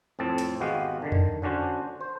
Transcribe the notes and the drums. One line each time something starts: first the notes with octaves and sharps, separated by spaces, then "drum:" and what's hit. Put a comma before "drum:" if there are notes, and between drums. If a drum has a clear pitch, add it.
F2 A2 C4 A5
drum: hi-hat
G#1 G#3 B3 F#4 G4 F5
D3 D#3
drum: tom F2
D3 C#4 D4 F#4 C5
C5